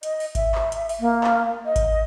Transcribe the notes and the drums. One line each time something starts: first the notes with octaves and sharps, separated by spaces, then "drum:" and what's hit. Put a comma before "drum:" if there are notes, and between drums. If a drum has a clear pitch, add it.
D#5, drum: hi-hat
drum: open hi-hat
E5, drum: kick G#1, hi-hat
drum: clap
drum: hi-hat
drum: open hi-hat
A#3
drum: clap
D#5
drum: kick G#1, hi-hat